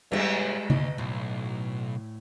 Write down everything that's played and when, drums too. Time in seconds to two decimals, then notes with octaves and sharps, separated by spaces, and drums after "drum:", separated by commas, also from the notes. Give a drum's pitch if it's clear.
0.12 G3 G#3 C#5 E5, drum: cymbal
0.70 D2 D#5, drum: tom C#3
0.98 B1 A2